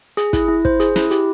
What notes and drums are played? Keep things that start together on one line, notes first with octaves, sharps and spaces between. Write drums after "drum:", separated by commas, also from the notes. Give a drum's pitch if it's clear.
G#4, drum: hi-hat
E4, drum: kick, hi-hat
E4
C5, drum: kick
G#4, drum: hi-hat
E4, drum: snare
G4, drum: hi-hat